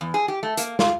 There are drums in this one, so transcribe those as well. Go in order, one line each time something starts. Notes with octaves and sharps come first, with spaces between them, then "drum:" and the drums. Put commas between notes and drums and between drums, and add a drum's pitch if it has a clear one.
E2
G#4
G4
A3
A#3, drum: hi-hat
F4, drum: snare